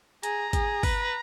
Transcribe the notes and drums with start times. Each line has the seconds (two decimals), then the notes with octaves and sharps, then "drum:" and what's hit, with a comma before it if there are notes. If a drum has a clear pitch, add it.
0.23 G#4 A#5, drum: hi-hat
0.53 G#4, drum: kick G#1, hi-hat
0.83 B4, drum: kick G#1, open hi-hat